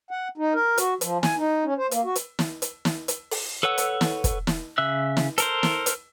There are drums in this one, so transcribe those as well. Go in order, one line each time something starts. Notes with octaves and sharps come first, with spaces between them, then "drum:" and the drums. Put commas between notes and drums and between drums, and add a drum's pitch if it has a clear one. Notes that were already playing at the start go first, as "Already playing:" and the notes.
F#5
D#4
A#4
F#4, drum: hi-hat
F3, drum: hi-hat
G#5, drum: snare
D#4
C#4
C5
A#3, drum: hi-hat
F#4
drum: hi-hat
drum: snare
drum: hi-hat
drum: snare
drum: hi-hat
drum: open hi-hat
A4 B4 C#5 F#5 E6
drum: hi-hat
drum: snare
drum: kick, hi-hat
drum: snare
C#3 E5 E6 F#6
drum: snare
A4 A#4 C5, drum: hi-hat
drum: snare
drum: hi-hat